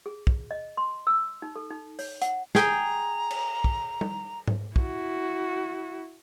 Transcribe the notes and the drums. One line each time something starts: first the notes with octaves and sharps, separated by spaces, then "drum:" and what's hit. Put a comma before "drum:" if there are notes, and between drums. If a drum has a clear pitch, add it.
G#4
drum: kick
D#5
C6
E6
D#4
A4
D#4
C#5, drum: open hi-hat
F#5, drum: hi-hat
G#4 G5 A#5, drum: snare
drum: cymbal
drum: kick
drum: tom
drum: tom G#2
E4 F#4, drum: kick